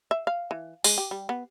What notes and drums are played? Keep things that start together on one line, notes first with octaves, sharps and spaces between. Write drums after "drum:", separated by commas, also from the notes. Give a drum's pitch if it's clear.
E5
F5
E3
G#3, drum: open hi-hat
G4
G3
B3